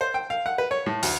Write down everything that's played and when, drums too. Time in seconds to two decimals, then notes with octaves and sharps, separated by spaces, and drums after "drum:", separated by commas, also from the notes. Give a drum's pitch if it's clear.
0.01 C5
0.14 G5
0.30 F5
0.46 F#5
0.58 B4
0.71 C#5
0.86 A2
1.03 D2, drum: open hi-hat